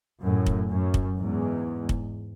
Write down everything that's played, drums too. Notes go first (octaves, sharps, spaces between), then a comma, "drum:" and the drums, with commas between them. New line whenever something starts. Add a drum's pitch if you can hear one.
F#2 A2
drum: kick
F#2
drum: kick
E2 G#2
drum: kick